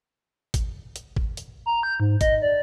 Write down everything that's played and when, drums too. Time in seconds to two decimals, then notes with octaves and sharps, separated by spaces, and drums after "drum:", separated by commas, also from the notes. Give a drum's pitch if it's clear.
0.54 drum: kick, hi-hat
0.96 drum: hi-hat
1.16 drum: kick
1.37 drum: hi-hat
1.66 A#5
1.83 G6
2.00 G#2
2.21 D#5, drum: kick, hi-hat
2.42 D5